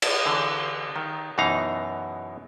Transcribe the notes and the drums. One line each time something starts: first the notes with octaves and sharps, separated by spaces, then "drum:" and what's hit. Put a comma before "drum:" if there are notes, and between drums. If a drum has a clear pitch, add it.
A5, drum: cymbal
D3 E3
D#3
F#2 B2 E3 D#4 F5 A#5